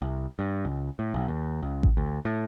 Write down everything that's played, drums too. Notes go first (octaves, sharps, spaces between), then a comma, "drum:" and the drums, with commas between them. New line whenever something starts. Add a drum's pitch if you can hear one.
C2
G2
C#2
A2
B1
D#2
C#2
drum: kick A1
D2
A2